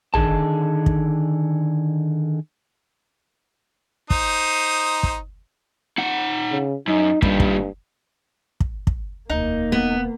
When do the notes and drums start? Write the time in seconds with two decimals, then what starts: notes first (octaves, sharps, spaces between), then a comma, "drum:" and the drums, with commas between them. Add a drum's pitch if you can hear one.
0.14 D3 D#3 G#4 A5, drum: tom
0.86 drum: kick
4.10 D#4 C5 D#6, drum: kick
5.03 drum: kick
5.98 D#4 F#5
6.51 C#3
6.88 F#2 D#4
7.22 G2 A#2 G3, drum: kick
7.40 drum: kick
8.60 drum: kick
8.87 drum: kick
9.30 E1 D2 A#3 D#4
9.72 B3